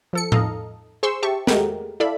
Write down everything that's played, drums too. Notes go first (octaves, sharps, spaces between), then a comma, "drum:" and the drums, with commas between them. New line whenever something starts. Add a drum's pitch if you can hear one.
F3 A4 C#7
D#4 A4 D#5 F5 A#5, drum: tom A2
G#4 C5 C6 C#6 E6
G4 E5 A5 C#6
G#3 A3 F#4 G4 A#4, drum: snare
E4 A4 D5 E5 F5 B5